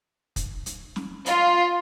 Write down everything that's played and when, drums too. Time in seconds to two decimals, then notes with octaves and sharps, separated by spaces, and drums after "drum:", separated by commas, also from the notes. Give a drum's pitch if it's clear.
0.36 drum: kick, hi-hat
0.66 drum: hi-hat
0.96 drum: snare
1.26 F4, drum: hi-hat